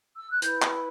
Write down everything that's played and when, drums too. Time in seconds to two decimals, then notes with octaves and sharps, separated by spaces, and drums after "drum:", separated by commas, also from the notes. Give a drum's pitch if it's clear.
0.17 E6
0.29 F#6
0.42 E4 B4 G6, drum: hi-hat
0.62 drum: clap